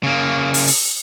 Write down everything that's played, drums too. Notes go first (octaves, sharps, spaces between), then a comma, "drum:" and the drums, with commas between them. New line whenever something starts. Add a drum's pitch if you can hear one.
C#3 A#3
drum: open hi-hat
drum: open hi-hat